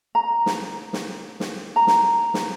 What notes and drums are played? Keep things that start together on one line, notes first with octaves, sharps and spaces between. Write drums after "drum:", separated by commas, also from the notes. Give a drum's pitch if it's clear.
A#5
drum: snare
drum: snare
drum: snare
A#5
drum: snare
drum: snare